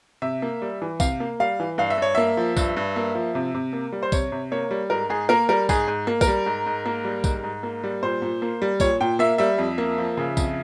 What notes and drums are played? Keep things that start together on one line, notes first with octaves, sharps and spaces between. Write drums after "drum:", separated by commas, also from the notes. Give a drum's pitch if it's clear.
C3 E5
A#3
G3
E3
C3 F5, drum: kick, tambourine
A#3
G3 F5
E3
G2 F5
E5
G2 C#5
A#3 E5
F3
G2, drum: kick, tambourine
G2
A#3
F3
C3
C3
A#3
G3
C5
C3 C#5, drum: kick, tambourine
C3
A#3 C#5
G3
G#2 A#4
G#2 G#4
A#3 A#4
G3 A#4
G#2 G#4, drum: kick, tambourine
G#2
A#3
A#4, drum: kick, tambourine
G3
G#2
G#2
A#3
G3
G#2, drum: kick, tambourine
G#2
A#3
G3
A#2 C5
A#2
A#3
G3
A#2 C#5, drum: kick, tambourine
A#2 G5
A#3 E5
G3 E5
F2
A#3
F3
C#3
F2, drum: kick, tambourine